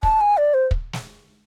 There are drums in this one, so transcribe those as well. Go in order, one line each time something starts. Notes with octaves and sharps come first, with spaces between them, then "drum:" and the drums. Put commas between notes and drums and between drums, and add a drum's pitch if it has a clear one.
A5, drum: kick
G#5
D5
C5
drum: kick
drum: snare